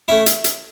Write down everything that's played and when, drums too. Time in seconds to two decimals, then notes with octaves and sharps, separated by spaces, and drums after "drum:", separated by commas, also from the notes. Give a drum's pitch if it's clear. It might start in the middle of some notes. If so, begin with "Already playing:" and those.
0.08 A3 C#4 E4 E5
0.26 drum: hi-hat
0.44 drum: hi-hat